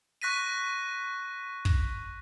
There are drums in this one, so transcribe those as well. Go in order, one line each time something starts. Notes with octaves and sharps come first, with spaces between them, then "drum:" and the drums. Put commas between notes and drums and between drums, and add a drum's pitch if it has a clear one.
C#6 F#6 A#6 B6 D#7
drum: kick